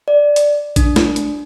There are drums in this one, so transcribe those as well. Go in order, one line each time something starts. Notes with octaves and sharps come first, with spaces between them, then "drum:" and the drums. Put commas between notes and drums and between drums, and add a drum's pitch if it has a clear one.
D5
drum: hi-hat
D4, drum: kick A1, hi-hat
drum: snare
drum: hi-hat